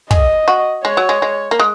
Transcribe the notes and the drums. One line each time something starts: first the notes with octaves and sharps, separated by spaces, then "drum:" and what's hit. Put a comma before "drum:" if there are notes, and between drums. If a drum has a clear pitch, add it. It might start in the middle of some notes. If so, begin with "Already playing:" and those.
G#4 D#5, drum: kick
F#4
G#3 C#5
F#3
G#3
G#3
A#3
G#3